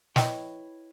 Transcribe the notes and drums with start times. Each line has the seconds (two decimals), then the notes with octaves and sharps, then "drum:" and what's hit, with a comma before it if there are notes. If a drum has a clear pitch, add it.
0.16 E4 B4 C#5 D#5 G5, drum: snare